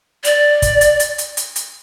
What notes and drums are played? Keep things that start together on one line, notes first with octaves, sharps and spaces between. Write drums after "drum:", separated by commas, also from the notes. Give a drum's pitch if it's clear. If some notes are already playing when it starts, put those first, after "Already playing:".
D5, drum: hi-hat
drum: kick, hi-hat
drum: hi-hat
drum: hi-hat
drum: hi-hat
drum: hi-hat
drum: hi-hat